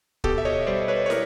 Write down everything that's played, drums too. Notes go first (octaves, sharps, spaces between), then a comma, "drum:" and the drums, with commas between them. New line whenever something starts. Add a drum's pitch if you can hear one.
B2 G4 A4, drum: kick
E5
C#5 D#5
G3 C5 D5
B4 C#5
C#5
A#4, drum: snare